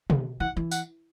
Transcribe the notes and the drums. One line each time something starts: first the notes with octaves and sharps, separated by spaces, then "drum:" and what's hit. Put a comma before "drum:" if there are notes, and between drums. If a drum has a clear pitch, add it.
D#3, drum: tom
E3 F#5
E3
F#5, drum: tambourine